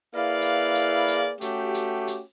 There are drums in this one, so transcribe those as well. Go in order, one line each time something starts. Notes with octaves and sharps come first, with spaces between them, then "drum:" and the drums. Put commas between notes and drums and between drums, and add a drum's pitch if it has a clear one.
A#3 E4 G#4 B4 D5 F5
drum: hi-hat
drum: hi-hat
drum: hi-hat
A3 C#4 F#4 G4, drum: hi-hat
drum: hi-hat
drum: hi-hat